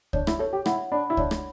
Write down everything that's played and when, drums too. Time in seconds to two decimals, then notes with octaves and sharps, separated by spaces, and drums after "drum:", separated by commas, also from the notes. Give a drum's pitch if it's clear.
0.13 D4 C#5, drum: kick C#2
0.27 E4, drum: rim click
0.39 A4 C#5
0.53 G4
0.66 E4 F#5, drum: rim click
0.92 D4 B5
1.10 E4
1.17 D4 C#5, drum: kick C#2
1.31 drum: rim click